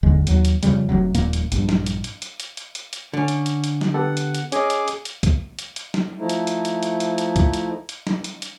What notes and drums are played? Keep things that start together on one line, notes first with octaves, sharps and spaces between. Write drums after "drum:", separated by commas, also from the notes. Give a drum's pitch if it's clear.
F#1 D#2 D3 G#3
D#2 F#3, drum: hi-hat
drum: hi-hat
F2 C#3 G3, drum: hi-hat
F1 D#2 C3 F#3
D#1 F2 A#2 A#3, drum: hi-hat
drum: hi-hat
A#1 G2, drum: hi-hat
drum: snare
drum: hi-hat
drum: hi-hat
drum: hi-hat
drum: hi-hat
drum: hi-hat
drum: hi-hat
drum: hi-hat
D3 C#4
drum: hi-hat
drum: hi-hat
drum: hi-hat
drum: snare
B3 G4 A4 F#5
drum: hi-hat
drum: hi-hat
C#4 G#4 D#5 G#5 D6, drum: hi-hat
drum: hi-hat
drum: hi-hat
drum: hi-hat
drum: kick B1, hi-hat
drum: hi-hat
drum: hi-hat
drum: snare
F3 A3 D#4 E4
drum: hi-hat
drum: hi-hat
drum: hi-hat
drum: hi-hat
drum: hi-hat
drum: hi-hat
drum: kick B1, hi-hat
drum: hi-hat
drum: hi-hat
drum: snare
drum: hi-hat
drum: hi-hat